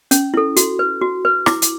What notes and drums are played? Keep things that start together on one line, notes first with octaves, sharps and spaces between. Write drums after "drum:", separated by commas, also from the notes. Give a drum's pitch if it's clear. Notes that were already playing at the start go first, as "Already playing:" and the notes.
C#4, drum: hi-hat
E4 A4
F#4, drum: hi-hat
B4
F#4
B4
E4 D6, drum: rim click
drum: hi-hat